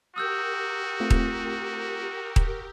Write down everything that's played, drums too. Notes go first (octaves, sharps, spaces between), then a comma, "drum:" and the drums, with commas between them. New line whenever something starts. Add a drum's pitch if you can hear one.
F#4 G4 A#4 D#6 E6 G6
A3 C4 F4
drum: kick D#1
drum: kick D#1